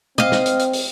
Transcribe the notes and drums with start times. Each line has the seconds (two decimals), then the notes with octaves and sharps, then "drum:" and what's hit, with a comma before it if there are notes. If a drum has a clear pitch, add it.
0.18 C4 D#5 F5, drum: tom B2
0.32 drum: snare
0.46 drum: hi-hat
0.59 drum: hi-hat
0.73 drum: open hi-hat